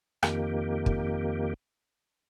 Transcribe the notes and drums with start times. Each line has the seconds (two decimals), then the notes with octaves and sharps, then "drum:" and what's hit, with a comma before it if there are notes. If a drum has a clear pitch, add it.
0.23 F2 D#3 A#3 G4, drum: rim click
0.86 drum: kick